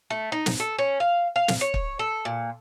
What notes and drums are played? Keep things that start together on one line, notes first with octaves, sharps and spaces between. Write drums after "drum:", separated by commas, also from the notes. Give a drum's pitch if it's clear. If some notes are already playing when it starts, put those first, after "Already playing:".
A3
D#4
drum: snare
A4
C#4
F5
F5
drum: snare
C#5
drum: kick
A4
A#2